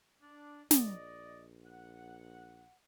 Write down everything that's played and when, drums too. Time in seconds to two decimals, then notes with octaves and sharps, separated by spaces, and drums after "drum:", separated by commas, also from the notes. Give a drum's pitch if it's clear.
0.21 D4
0.71 A#1 D5 D#5, drum: snare
1.65 F#5